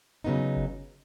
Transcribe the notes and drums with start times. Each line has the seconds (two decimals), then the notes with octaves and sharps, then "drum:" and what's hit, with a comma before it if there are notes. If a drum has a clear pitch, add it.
0.24 C#3 F#3 B3 D#4
0.56 drum: kick G1